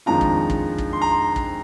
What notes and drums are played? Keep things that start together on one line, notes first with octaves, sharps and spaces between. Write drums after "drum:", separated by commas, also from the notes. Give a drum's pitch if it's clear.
F2 D#3 G#3 D4 F4 A#5
drum: kick
drum: kick
drum: kick
C6
A#5
C6
drum: kick